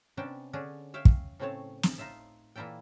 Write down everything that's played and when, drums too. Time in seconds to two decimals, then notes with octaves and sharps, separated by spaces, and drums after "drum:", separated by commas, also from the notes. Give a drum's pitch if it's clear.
0.17 C3 B3 C#4 D4 G5 A5
0.53 D3 C#4 D4 G#4
0.94 C#5 E5 F5 G5
1.05 drum: kick
1.39 A2 C#3 A3 C4 C#5 A5
1.83 drum: snare
1.98 D#4 F4 E5 A5
2.56 A#2 E3 A#3 E4 A4 G5